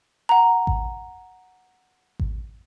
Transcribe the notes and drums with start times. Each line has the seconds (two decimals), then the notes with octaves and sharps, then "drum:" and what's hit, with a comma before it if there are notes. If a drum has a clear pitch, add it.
0.29 F#5 A#5
0.67 drum: kick G#1
2.20 drum: kick G#1